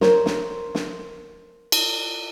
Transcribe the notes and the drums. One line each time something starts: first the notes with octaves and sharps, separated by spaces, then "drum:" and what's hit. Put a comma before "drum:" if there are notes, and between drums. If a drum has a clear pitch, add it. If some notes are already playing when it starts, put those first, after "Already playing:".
A#4 C5 C#5, drum: snare
drum: snare
drum: snare
drum: cymbal